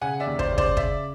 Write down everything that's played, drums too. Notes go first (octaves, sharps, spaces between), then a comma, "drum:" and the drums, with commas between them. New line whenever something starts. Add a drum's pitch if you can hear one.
C#3 F#5 G#5
D5 E5
D#2
C5 D5, drum: kick
C#3
C5 D5, drum: kick
C#3 D5 E5, drum: kick